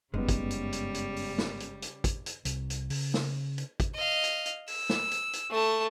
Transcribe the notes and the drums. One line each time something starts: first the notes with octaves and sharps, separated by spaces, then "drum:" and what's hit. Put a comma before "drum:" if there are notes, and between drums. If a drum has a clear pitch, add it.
F#1 G2 C#3 G3 G#3 B3 C#4 D#4
drum: kick, hi-hat
drum: hi-hat
drum: hi-hat
drum: hi-hat
drum: open hi-hat
drum: snare
drum: hi-hat
drum: hi-hat
drum: kick, hi-hat
drum: hi-hat
C2, drum: hi-hat
drum: hi-hat
C#3, drum: open hi-hat
drum: snare
drum: hi-hat
drum: kick, hi-hat
D#5 F5
drum: hi-hat
drum: hi-hat
E6, drum: open hi-hat
drum: snare
drum: hi-hat
drum: hi-hat
A3 A5